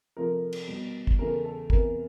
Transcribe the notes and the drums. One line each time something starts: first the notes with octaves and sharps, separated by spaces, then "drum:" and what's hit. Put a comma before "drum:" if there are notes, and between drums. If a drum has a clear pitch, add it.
C3 F3 A3 A#4
drum: cymbal
B2 G3
drum: kick
E2 C#3 E3 A3 A#4
A4
E2 C3 E3 A#4, drum: kick